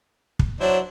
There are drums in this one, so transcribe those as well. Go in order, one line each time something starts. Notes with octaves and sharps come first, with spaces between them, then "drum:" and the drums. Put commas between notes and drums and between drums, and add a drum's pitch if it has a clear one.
drum: kick
F#3 D4 E4 C5 C#5